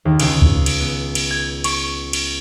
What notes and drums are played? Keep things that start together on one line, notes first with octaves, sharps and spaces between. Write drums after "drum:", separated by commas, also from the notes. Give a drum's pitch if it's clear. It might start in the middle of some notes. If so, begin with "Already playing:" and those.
D#2
C#2, drum: cymbal
drum: kick D2
drum: cymbal
B3
drum: cymbal
G#6
C#6, drum: cymbal
drum: cymbal